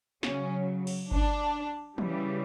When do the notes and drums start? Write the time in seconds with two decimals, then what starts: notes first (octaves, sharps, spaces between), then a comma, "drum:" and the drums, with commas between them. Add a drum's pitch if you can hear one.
0.23 C#3 F#3 C#4, drum: snare
0.87 drum: cymbal
1.11 D4, drum: kick G1
1.98 C#3 E3 G3, drum: tom E3